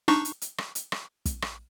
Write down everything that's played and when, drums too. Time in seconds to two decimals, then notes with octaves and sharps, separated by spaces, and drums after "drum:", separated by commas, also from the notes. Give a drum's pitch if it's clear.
0.08 D4 D#4 C#6, drum: rim click
0.25 drum: hi-hat
0.42 drum: hi-hat
0.58 drum: rim click
0.75 drum: hi-hat
0.92 drum: rim click
1.25 drum: kick, hi-hat
1.42 drum: rim click